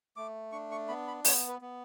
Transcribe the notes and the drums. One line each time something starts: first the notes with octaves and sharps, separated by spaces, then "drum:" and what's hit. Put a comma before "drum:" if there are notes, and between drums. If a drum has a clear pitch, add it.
A3 D6
D4 C#6
C#6
B3 B5
B5
B3 C#5, drum: open hi-hat
B4
B3